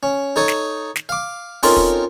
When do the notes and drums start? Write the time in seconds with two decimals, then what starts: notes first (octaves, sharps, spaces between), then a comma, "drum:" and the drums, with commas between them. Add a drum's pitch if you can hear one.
0.03 C#4
0.36 D#4 A4 C#5 D#6
0.48 drum: snare
0.96 drum: snare
1.09 F5 D6
1.63 C4 C#4 D#4 F4 A4 A#4, drum: open hi-hat
1.77 drum: kick